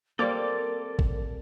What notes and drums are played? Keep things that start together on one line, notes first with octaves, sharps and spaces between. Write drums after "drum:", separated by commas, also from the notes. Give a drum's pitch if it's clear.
G3 A#3 C4 A4 A#4 D5 D6
drum: kick